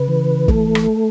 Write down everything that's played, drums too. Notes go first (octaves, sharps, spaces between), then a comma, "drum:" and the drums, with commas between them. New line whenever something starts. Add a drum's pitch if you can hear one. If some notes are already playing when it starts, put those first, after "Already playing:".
Already playing: C#3 B4
E3
A3 A4, drum: kick
drum: rim click